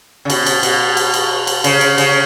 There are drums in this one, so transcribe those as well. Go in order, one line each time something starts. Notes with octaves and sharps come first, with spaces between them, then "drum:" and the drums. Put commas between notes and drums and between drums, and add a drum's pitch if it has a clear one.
C#3
B2, drum: cymbal
drum: cymbal
B2, drum: cymbal
drum: cymbal
drum: cymbal
drum: cymbal
C#3, drum: cymbal
drum: cymbal
C#3, drum: cymbal